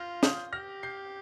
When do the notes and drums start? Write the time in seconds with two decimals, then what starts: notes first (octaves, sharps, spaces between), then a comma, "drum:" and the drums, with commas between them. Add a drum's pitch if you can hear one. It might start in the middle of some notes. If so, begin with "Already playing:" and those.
Already playing: F4 F6 G6 A#6
0.23 D#6 G6, drum: snare
0.52 G4 F6 A#6
0.83 G6 C7